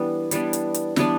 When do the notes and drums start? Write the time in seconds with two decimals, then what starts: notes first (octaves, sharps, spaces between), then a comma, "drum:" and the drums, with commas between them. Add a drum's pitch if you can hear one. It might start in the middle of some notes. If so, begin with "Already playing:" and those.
Already playing: E3 G3 B3 D4
0.31 E3 G3 B3 D4, drum: hi-hat
0.53 drum: hi-hat
0.74 drum: hi-hat
0.96 E3 G3 B3 D4, drum: snare